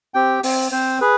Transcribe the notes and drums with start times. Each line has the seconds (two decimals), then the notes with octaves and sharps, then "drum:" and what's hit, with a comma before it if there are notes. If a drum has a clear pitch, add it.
0.14 C4 G4 G5
0.43 C4, drum: open hi-hat
0.72 C4 C5
1.01 G#4 B4